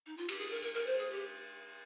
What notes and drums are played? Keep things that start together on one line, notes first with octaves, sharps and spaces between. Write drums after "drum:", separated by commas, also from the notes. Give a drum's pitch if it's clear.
D#4
F4
G4, drum: cymbal
G#4
A#4
A#4, drum: tambourine
A#4
C5
G#4
G4